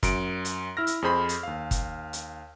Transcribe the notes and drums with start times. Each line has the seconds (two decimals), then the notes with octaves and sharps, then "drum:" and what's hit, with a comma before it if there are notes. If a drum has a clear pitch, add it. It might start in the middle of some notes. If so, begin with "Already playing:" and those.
0.03 F#2 D7, drum: kick, hi-hat
0.45 drum: hi-hat
0.77 E4 E6 F6 A#6
0.87 drum: hi-hat
1.02 F2 G#4 C5 B5
1.29 drum: hi-hat
1.43 D#2 F5
1.71 drum: kick, hi-hat
2.13 drum: hi-hat